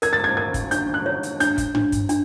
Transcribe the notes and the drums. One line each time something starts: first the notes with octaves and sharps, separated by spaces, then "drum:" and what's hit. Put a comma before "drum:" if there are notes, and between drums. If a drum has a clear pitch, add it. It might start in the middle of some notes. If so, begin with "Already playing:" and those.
A#4 G#6, drum: hi-hat
A6
G#6
A#4 G#6
drum: kick G1, hi-hat
D4 G6, drum: hi-hat
F#6
C#5
drum: hi-hat
D4 G6, drum: hi-hat
drum: kick G1, hi-hat
D4, drum: tom
drum: kick G1, hi-hat
D4, drum: hi-hat